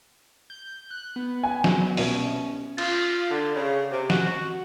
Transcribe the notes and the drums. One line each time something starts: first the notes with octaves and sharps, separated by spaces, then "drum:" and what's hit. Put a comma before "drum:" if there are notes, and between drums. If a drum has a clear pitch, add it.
G6
F#6
B3
G#5
F#3, drum: snare
C2 B2 C#4 D#7, drum: open hi-hat
F4, drum: cymbal
D3
C#3
C3
F#4, drum: snare